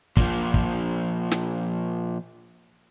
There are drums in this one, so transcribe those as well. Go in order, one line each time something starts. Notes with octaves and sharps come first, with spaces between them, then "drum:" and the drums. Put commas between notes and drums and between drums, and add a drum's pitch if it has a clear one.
A#2 F3, drum: kick
drum: kick
drum: snare